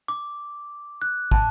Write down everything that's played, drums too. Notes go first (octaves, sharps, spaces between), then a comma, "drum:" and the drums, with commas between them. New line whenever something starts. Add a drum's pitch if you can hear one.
D6
F#6
A5, drum: kick